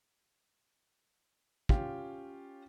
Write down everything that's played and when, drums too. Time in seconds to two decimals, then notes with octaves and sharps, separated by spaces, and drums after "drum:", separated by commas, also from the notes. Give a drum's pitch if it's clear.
1.69 C#4 F4 G4, drum: kick